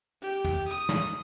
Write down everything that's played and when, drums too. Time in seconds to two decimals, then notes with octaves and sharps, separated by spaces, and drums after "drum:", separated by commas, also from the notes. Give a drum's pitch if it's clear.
0.22 G4
0.44 drum: tom
0.68 D#6
0.89 drum: snare